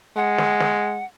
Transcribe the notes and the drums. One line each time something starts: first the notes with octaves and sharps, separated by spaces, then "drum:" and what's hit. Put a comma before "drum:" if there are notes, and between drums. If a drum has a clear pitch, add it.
G#3 F#5
drum: snare
drum: snare